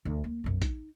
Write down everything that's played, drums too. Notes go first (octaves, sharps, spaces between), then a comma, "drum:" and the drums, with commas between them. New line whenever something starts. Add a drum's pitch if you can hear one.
D2
A#3
B1 F#2
D#4, drum: kick A#1, hi-hat